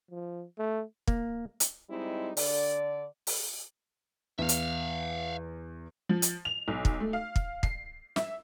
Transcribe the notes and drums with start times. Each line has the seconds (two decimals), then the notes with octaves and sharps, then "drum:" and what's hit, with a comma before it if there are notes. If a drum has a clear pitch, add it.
0.11 F3
0.59 A3
1.07 A#3, drum: kick
1.60 drum: hi-hat
1.90 G3 G#3 C4 D#4 E4
2.37 D3 D5, drum: open hi-hat
3.27 drum: open hi-hat
4.39 E2 E5 F5
4.49 drum: hi-hat
6.09 F3
6.22 drum: hi-hat
6.45 F7
6.68 B1
6.85 drum: kick
7.00 A3
7.13 F5
7.36 drum: kick
7.63 C7, drum: kick
8.16 E5, drum: snare